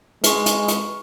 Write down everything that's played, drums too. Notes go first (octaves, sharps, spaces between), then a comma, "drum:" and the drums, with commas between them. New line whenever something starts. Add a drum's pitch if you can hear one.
G#3 B4 C#6, drum: hi-hat
drum: hi-hat
drum: hi-hat